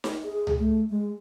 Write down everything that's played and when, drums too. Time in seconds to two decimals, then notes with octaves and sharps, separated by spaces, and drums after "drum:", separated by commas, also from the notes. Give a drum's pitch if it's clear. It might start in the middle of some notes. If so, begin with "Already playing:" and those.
0.04 drum: snare D#4
0.24 G#4
0.47 drum: tom C#2
0.59 A3
0.90 G#3